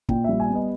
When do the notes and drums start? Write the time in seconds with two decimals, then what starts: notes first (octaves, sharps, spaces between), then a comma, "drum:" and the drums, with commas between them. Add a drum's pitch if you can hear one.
0.09 A#2 G5, drum: kick
0.24 G3 E5
0.40 G#5
0.50 B3
0.55 D#5